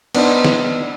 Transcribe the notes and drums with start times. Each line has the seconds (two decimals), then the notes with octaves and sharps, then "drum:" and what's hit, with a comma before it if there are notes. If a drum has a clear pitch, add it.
0.15 B3 D4 D#4 C5, drum: cymbal
0.44 drum: snare